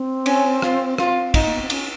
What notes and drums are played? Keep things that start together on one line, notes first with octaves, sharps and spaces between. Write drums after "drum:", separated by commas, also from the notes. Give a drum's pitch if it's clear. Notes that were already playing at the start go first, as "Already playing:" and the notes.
Already playing: C4
C#4, drum: cymbal
F4, drum: rim click
C4 F4, drum: rim click
D#4, drum: kick, cymbal
A#3
B3
C4
C#4, drum: cymbal